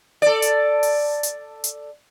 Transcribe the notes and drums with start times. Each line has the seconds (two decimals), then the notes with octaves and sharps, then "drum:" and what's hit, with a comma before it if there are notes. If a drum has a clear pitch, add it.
0.22 A4 D5
0.42 drum: hi-hat
0.83 drum: open hi-hat
1.23 drum: hi-hat
1.64 drum: hi-hat